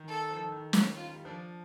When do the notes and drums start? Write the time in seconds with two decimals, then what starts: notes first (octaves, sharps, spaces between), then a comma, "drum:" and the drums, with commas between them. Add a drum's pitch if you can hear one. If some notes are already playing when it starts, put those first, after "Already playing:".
Already playing: D#3
0.08 A4
0.30 F3
0.37 D#3
0.52 D#3
0.73 drum: snare
0.96 F4
1.14 G3
1.25 F3 D4